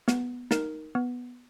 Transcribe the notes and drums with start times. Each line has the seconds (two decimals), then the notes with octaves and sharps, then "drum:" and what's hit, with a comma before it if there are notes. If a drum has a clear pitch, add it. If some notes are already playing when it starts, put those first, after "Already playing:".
0.08 B3, drum: snare
0.51 D#4 A#4, drum: snare
0.95 B3